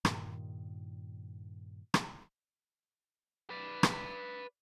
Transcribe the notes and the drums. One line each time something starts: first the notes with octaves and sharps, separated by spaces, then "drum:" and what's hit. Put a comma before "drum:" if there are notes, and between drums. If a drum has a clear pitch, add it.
G2 A#2 D#3, drum: rim click
drum: rim click
B4 D5
drum: rim click